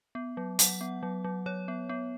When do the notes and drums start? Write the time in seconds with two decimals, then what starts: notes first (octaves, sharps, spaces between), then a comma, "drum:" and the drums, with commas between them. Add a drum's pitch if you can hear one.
0.15 B3
0.37 F#3
0.59 F#3 F#5, drum: hi-hat
0.81 B3
1.03 F#3
1.24 F#3
1.46 F#3 C#5
1.68 B3
1.89 B3